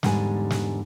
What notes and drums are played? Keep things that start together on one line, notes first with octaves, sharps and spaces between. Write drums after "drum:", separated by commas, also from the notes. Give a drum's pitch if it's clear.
E2 G#2 D3 G3 G4 G#5, drum: snare
drum: snare